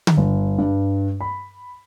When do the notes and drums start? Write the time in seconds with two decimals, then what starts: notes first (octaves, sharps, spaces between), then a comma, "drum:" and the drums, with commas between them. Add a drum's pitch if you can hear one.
0.07 drum: tom D3
0.17 G1
0.58 G2
1.21 B5